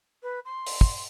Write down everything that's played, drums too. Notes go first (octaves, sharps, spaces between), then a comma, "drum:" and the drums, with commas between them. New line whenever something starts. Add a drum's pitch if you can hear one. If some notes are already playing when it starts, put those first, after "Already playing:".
B4
C6
drum: open hi-hat
drum: kick